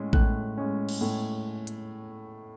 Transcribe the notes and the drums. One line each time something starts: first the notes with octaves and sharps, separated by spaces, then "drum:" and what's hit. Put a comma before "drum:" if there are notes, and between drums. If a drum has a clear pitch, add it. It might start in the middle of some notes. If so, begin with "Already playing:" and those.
Already playing: A2 G#3 C#4
A2 F#6, drum: kick A1
G#3 C#4
drum: cymbal
A2
drum: hi-hat